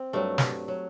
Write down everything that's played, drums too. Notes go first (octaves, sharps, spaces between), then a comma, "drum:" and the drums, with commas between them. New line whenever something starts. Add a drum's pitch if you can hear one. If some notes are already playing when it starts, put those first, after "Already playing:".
Already playing: C4
G2 F#3 A3
drum: snare
F#3